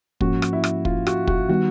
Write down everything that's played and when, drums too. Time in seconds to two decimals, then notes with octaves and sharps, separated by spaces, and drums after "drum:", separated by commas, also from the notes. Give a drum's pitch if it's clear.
0.21 G#2 F3 A#3 C#4 F#4, drum: kick
0.42 drum: rim click
0.53 E4
0.64 drum: rim click
0.85 F4, drum: kick
1.07 F#4, drum: rim click
1.27 F#4, drum: kick
1.49 D#3 G3 B3 D#4 F#4